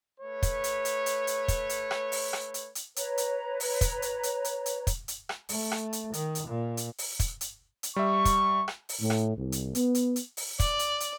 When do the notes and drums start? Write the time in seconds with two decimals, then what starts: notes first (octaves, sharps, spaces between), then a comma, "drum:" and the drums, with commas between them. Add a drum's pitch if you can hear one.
0.20 A3 B4 C#5
0.43 drum: kick, hi-hat
0.64 drum: hi-hat
0.85 drum: hi-hat
1.06 drum: hi-hat
1.27 drum: hi-hat
1.48 drum: kick, hi-hat
1.69 drum: hi-hat
1.91 drum: rim click
2.12 drum: open hi-hat
2.33 drum: rim click
2.54 drum: hi-hat
2.75 drum: hi-hat
2.96 B4 C#5 A#5, drum: hi-hat
3.18 drum: hi-hat
3.60 drum: open hi-hat
3.81 drum: kick, hi-hat
4.02 drum: hi-hat
4.23 drum: hi-hat
4.45 drum: hi-hat
4.66 drum: hi-hat
4.87 drum: kick, hi-hat
5.08 drum: hi-hat
5.29 drum: rim click
5.49 A3, drum: open hi-hat
5.71 drum: rim click
5.93 drum: hi-hat
6.13 D#3, drum: hi-hat
6.35 drum: hi-hat
6.47 A#2
6.77 drum: hi-hat
6.98 drum: open hi-hat
7.20 drum: kick, hi-hat
7.41 drum: hi-hat
7.83 drum: hi-hat
7.96 G3 E5 C#6
8.25 drum: kick, hi-hat
8.68 drum: rim click
8.89 drum: open hi-hat
9.01 A2
9.10 drum: rim click
9.36 C2
9.52 drum: hi-hat
9.75 B3, drum: hi-hat
9.95 drum: hi-hat
10.16 drum: hi-hat
10.37 drum: open hi-hat
10.60 D5, drum: kick, hi-hat
10.79 drum: hi-hat
11.00 drum: hi-hat